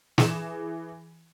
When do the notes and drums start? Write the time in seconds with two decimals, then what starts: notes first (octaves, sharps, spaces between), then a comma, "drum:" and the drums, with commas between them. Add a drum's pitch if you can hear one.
0.18 E3 G#4 E7, drum: snare